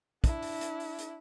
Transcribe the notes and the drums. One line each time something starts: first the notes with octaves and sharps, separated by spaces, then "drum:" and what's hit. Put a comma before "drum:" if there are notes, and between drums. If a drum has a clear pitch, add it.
D4 E4, drum: kick, hi-hat
drum: open hi-hat
drum: hi-hat
drum: open hi-hat
drum: hi-hat